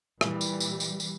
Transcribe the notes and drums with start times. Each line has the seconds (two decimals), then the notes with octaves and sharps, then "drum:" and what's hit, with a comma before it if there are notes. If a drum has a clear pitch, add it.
0.21 A#2 E3 G3, drum: rim click
0.41 drum: tambourine
0.60 drum: tambourine
0.80 drum: tambourine
1.00 drum: tambourine